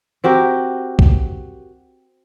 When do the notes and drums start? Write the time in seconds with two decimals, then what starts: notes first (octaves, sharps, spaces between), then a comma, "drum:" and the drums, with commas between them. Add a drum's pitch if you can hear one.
0.24 C4 F#4 G4 A#4
0.99 drum: kick A#1